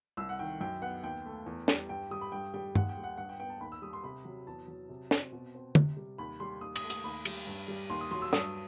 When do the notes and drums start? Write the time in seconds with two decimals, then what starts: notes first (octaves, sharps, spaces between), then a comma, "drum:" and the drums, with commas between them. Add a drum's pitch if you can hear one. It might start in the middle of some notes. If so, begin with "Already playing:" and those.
0.17 C2 E6
0.29 F#5
0.39 D#3 G5
0.61 F#2 G5
0.82 B3 F#5
1.03 D#2 G5
1.25 A3
1.46 E2
1.68 G3, drum: snare
1.89 G2 G5
2.11 G3 D#6
2.21 B5
2.32 G2 G5
2.54 G3 G5
2.75 D#2 F#5, drum: tom G2
2.89 G5
2.97 G3
3.04 F#5
3.17 G2 F#5
3.29 G5
3.40 B3 G5
3.50 A5
3.61 D#2 B5
3.72 E6
3.82 G3 D#6
3.93 C6
4.04 C3 B5
4.25 F#3
4.47 E2 A5
4.68 F#3
4.89 C3
5.11 C4, drum: snare
5.32 B2
5.55 C4
5.75 C3, drum: tom
5.97 G3
6.18 D#2 B5
6.40 G3 C6
6.61 D#2 D#6
6.76 D#6, drum: cymbal
6.83 A3
6.90 D#6, drum: hi-hat
7.04 D#2 B5
7.25 G3, drum: cymbal
7.47 G2
7.68 G3
7.90 D#2 C6
8.01 D#6
8.11 F#3 C6
8.22 E6
8.33 G2 D#6, drum: snare